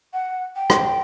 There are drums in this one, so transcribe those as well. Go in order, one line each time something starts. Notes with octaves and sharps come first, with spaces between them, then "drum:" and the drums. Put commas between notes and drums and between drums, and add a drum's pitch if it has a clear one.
F#5
G5
drum: rim click